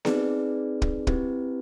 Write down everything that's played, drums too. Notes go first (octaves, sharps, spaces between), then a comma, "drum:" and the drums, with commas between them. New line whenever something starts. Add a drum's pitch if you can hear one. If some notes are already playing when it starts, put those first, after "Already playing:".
C4 D#4 G#4 B4 D5, drum: snare B3
drum: kick
C4 E4 G4 B4, drum: kick